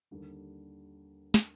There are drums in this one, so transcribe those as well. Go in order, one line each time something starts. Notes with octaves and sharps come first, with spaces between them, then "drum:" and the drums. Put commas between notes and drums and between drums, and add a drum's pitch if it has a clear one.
D#2 D3 G3
drum: snare